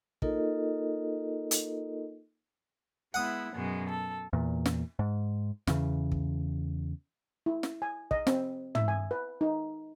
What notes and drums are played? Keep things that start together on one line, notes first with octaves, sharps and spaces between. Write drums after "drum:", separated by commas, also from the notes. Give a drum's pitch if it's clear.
A#3 D#4 F4 A4 A#4 D#5, drum: kick
drum: hi-hat
G#3 B3 E4 F#5 D#6
F#2 B2 G#3
A4
E2 A#2
drum: snare
G#2
E2 C#3, drum: snare
drum: kick
E4
drum: snare
G#5
D#5, drum: kick
C4, drum: snare
E5, drum: tom
G#5
B4
D#4